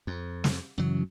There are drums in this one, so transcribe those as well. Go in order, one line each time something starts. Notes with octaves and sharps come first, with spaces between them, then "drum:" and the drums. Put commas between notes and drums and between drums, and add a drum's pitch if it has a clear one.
F2
drum: snare
F#2 C#3 E3 F#3